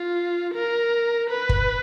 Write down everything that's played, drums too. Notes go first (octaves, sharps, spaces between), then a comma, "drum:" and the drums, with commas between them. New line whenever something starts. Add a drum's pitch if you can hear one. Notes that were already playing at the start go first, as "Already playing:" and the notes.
Already playing: F4
A#4
B4
drum: kick